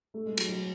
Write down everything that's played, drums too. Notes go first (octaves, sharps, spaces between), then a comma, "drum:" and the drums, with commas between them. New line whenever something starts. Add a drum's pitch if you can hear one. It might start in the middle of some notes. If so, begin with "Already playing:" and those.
A3
G#3
F#3, drum: cymbal
F#3